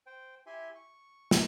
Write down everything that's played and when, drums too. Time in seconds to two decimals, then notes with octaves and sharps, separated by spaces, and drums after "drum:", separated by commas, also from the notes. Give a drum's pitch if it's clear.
0.06 C5 G5
0.46 E4 G4 E5 G#5 C6
0.75 C#6
1.31 drum: snare